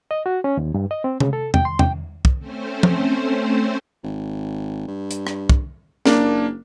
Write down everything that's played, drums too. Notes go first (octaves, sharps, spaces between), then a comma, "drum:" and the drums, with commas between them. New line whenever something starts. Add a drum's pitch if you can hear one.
D#5
F#4
C#4
D#2
G2
D#5
C4
C#3, drum: tom C3
A4
G5, drum: tom
C6
G5, drum: tom
drum: kick
A3 C4 C#4 C5
drum: tom F3
G#1
G2
drum: hi-hat
drum: rim click
drum: kick
F#1 A#3 D4, drum: snare